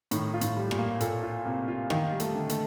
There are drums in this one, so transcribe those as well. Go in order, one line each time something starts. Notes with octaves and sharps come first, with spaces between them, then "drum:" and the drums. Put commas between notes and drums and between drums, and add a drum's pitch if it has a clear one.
A2 D#3, drum: hi-hat
F4
A2, drum: hi-hat
G3
A#2, drum: rim click
A#3
A#2 A4, drum: hi-hat
F4
C3 A#3
F4
D#3 A#3, drum: rim click
G3
A3, drum: hi-hat
D3
A3, drum: hi-hat